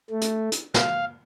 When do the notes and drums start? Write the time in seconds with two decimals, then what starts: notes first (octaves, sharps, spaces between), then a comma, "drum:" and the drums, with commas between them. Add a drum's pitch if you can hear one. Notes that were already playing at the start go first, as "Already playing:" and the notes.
0.10 A3
0.21 drum: hi-hat
0.52 drum: hi-hat
0.74 F5, drum: snare